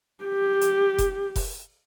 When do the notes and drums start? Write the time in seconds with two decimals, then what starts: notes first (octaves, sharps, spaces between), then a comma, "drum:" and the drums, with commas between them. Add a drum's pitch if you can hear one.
0.24 G4
0.61 drum: hi-hat
0.98 drum: kick F1, hi-hat
1.36 drum: kick F1, open hi-hat